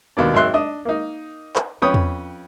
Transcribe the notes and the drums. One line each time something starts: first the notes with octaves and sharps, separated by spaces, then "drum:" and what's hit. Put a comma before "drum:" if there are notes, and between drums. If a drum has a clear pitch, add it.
D#2 B2 D4
G#1 F#3 E5 C6 F#6
D4 D#5
A#3 D#4
drum: clap
F2 C#4 B4 C#5 G5 D#6
drum: tom E2